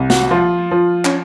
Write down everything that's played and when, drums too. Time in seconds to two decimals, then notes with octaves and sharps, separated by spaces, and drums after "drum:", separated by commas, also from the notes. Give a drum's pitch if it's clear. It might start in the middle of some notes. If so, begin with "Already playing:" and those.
Already playing: C2
0.10 F#4, drum: snare
0.30 F3 F4
0.71 F3
1.05 C#4, drum: clap